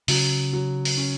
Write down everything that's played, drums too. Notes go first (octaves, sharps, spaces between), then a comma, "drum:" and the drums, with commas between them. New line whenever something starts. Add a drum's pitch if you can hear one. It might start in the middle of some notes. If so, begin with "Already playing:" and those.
C#3 F#3, drum: open hi-hat
F#3
drum: open hi-hat
C#4